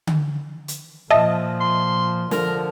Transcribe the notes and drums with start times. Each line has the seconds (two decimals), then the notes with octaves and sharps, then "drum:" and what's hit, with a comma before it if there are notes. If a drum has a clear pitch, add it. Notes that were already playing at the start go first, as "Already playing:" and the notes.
0.07 drum: tom D3
0.68 drum: hi-hat
1.11 A#2 F3 D#5 E5 A5
1.60 C6
2.31 D3 F3 A#4, drum: snare